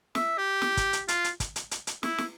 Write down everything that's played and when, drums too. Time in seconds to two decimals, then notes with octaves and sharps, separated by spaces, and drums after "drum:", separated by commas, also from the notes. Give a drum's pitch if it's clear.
0.15 E5, drum: snare
0.38 G4
0.62 drum: snare
0.77 drum: kick, hi-hat
0.93 drum: hi-hat
1.08 F4, drum: hi-hat
1.24 drum: hi-hat
1.40 drum: kick, hi-hat
1.56 drum: hi-hat
1.71 drum: hi-hat
1.87 drum: hi-hat
2.03 E4, drum: snare
2.18 drum: snare